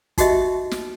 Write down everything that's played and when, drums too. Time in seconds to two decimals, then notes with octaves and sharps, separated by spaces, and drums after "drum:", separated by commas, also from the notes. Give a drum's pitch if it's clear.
0.18 D#4 F#4 G4 D#5 E5, drum: kick, hi-hat
0.71 drum: snare